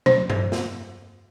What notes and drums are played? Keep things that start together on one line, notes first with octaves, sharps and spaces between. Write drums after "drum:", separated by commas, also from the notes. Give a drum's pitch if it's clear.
C5, drum: tom B2
drum: tom G2
drum: snare